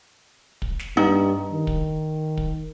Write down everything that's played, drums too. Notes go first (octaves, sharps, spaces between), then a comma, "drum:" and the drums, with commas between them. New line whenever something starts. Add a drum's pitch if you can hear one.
drum: kick
drum: snare
G2 D#4
D#3
drum: kick
drum: kick